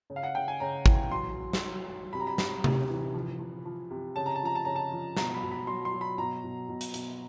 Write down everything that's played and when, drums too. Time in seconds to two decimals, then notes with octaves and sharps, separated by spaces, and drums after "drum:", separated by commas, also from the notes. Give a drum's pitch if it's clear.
0.10 C#3
0.16 F5
0.23 F#5
0.35 C#3 G5
0.48 G#5
0.60 C#3 A#5
0.86 E3, drum: kick
1.11 F#3 C6
1.37 F#3
1.53 drum: snare
1.63 F#3
1.87 F#3
2.13 C3 B5
2.20 A#5
2.27 B5
2.38 C3, drum: snare
2.64 C3, drum: tom C3
2.89 E3
3.14 F3
3.39 F3
3.65 F3
3.91 C3
4.16 C#3 A5
4.26 A#5
4.35 A5
4.42 F3 A#5
4.55 A5
4.65 C#3 A#5
4.76 A5
4.92 F3
5.17 B2 A#5, drum: snare
5.34 B5
5.43 B2
5.51 B5
5.67 F#3 C6
5.85 C6
5.94 F#3
6.01 B5
6.18 B2 A#5
6.44 B2
6.69 B2
6.81 drum: hi-hat
6.94 B2, drum: hi-hat